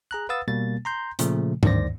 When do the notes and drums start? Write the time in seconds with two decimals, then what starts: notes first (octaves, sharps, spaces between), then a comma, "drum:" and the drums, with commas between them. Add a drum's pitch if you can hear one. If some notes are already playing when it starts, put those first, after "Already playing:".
0.11 G#4 A#5 F#6
0.29 B4 F5 F#5 D#6 E6 A6
0.48 B2 G3 A#3 A6
0.85 A#5 C6 G6
1.19 A#2 C#3 F3 A3, drum: hi-hat
1.63 D2 G2 D#3 C5 D5 A#6, drum: tom G#2